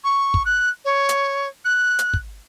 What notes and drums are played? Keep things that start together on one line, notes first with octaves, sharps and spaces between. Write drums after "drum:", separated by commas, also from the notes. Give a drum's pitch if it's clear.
C#6
drum: kick
F#6
C#5
drum: hi-hat
F#6
drum: hi-hat
drum: kick